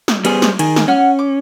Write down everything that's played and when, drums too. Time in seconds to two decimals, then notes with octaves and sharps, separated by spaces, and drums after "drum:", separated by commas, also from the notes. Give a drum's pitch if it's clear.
0.08 drum: snare
0.25 G3 B3 C#4 G#4 C5, drum: cymbal
0.42 drum: snare
0.59 D#3 G#4, drum: cymbal
0.76 drum: snare
0.88 C#4 F#5 F6
1.19 D6